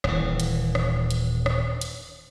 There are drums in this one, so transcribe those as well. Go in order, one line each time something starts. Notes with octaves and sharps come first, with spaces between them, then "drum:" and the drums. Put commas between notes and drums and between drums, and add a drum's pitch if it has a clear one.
D#1 E3, drum: rim click
drum: hi-hat
drum: rim click
drum: hi-hat
drum: rim click
drum: hi-hat